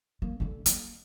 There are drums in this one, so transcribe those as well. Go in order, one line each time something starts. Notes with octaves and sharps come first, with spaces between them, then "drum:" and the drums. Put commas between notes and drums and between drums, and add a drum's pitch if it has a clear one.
A#3
D3 A3
A#3, drum: hi-hat